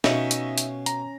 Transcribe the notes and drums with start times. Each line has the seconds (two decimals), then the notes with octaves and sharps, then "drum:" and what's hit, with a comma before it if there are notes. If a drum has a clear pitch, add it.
0.04 B2 C#4 D#4 F4 D#5 E5, drum: snare
0.31 drum: hi-hat
0.58 drum: hi-hat
0.86 A#5, drum: hi-hat